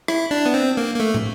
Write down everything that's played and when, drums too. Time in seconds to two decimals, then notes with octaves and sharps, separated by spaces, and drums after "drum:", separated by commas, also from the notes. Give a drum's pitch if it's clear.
0.08 E4, drum: rim click
0.31 D4
0.46 B3
0.54 C4
0.77 A#3
0.95 A#3
1.00 A3
1.14 drum: tom